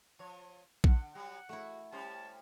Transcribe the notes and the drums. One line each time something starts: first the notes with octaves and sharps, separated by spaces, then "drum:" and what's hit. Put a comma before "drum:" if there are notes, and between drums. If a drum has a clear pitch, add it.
F3 C#5
D3 F#5, drum: kick A#1
F#3 G3 F#5
A3 E4 F#4
G3 C#4 C5 A5